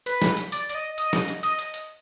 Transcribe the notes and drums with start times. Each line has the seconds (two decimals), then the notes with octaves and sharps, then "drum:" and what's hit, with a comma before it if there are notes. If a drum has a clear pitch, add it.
0.06 B4, drum: hi-hat
0.22 drum: snare
0.37 drum: hi-hat
0.52 D5, drum: hi-hat
0.69 D5, drum: hi-hat
0.75 D#5
0.98 D#5, drum: hi-hat
1.13 drum: snare
1.28 drum: hi-hat
1.43 D#5, drum: hi-hat
1.59 drum: hi-hat
1.74 drum: hi-hat